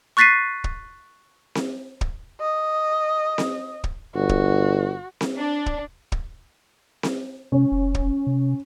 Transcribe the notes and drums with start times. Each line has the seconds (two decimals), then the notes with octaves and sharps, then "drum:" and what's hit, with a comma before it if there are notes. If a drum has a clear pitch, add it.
0.17 C#6 F#6 A6 B6 C7 D#7
0.64 drum: kick
1.55 drum: snare C4
2.01 drum: kick
2.41 D#5
3.38 drum: snare C4
3.84 drum: kick
4.15 G1 F#4
4.29 drum: kick
5.21 drum: snare C4
5.38 D4
5.66 drum: kick
6.12 drum: kick
7.03 drum: snare C4
7.52 C3 C#4
7.72 F1
7.95 drum: kick
8.27 C3